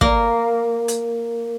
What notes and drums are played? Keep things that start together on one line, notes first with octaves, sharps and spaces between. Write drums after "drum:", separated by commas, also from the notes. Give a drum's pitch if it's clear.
A#3, drum: kick
drum: hi-hat